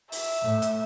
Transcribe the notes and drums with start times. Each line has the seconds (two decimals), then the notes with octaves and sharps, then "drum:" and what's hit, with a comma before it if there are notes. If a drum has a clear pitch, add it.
0.12 E5, drum: open hi-hat
0.43 A2
0.62 drum: hi-hat